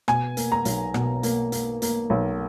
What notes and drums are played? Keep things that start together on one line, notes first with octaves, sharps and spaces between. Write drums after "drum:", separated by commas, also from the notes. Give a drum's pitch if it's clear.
B2 G#5, drum: rim click
A#3, drum: hi-hat
A#5
B1, drum: hi-hat
B2, drum: rim click
A#3, drum: hi-hat
A#3, drum: hi-hat
A#3, drum: hi-hat
B1